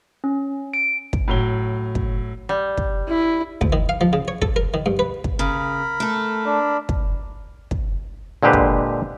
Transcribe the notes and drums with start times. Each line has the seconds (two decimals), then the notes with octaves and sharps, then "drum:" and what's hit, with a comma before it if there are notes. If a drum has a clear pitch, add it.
0.24 C#4
0.74 D7
1.13 drum: kick
1.28 A2 F#3 G7
1.95 drum: kick
2.49 G3
2.78 drum: kick
3.08 E4
3.61 D2, drum: kick
3.73 D#3
3.89 F5
4.01 F3
4.13 C#3
4.28 C#5
4.42 A4, drum: kick
4.56 A#4
4.74 D#3
4.86 G2
4.99 B4
5.24 drum: kick
5.39 C#3 A#4 B5
6.00 A3 A4
6.46 D4
6.89 drum: kick
7.71 drum: kick
8.43 A#2 D3 G#3 G4 B4 C5
8.53 drum: kick